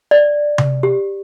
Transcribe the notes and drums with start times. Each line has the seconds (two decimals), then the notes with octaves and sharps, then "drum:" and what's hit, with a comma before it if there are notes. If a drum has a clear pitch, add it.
0.11 D5
0.58 drum: tom C3
0.83 G4